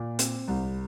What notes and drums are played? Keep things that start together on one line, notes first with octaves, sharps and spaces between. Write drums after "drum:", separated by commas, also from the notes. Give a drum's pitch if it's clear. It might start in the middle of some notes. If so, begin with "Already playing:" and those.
Already playing: A#2 D5
C4, drum: hi-hat
C2